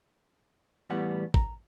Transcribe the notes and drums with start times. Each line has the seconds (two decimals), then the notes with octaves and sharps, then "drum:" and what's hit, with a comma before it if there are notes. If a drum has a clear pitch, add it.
0.90 E2 A2 G3 B3 G4 F#5
1.34 A#5, drum: kick